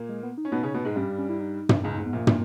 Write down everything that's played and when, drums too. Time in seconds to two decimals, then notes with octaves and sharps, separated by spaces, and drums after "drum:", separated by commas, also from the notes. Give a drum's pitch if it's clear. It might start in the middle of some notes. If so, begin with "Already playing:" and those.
Already playing: A#2 A#3
0.09 G#3
0.23 B3
0.38 D#4
0.45 C#4
0.52 B2 B3 D#4
0.63 C#3 C#4
0.74 B2 B3
0.85 G#2 G#3
0.96 G2 G3 C#4
1.18 C#4
1.29 E4
1.40 D#4
1.69 drum: tom
1.84 C#2 C#3 D#4
1.94 D#4
1.98 G#2
2.06 B3
2.13 A#1 A#2 A#3
2.27 A#2, drum: tom